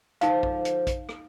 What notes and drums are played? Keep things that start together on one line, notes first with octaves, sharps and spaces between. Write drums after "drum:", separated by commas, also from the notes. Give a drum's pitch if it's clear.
D3 F3 G#3 D#4 F5, drum: hi-hat
drum: kick A#1
drum: hi-hat
drum: kick A#1, hi-hat
drum: rim click